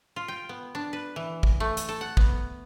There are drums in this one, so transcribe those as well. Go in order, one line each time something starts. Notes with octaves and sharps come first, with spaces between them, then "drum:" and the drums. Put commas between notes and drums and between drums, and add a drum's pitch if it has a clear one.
F4
G5
B3
D4
B4
E3
drum: kick
A3
drum: hi-hat
A4
F#5
B3, drum: kick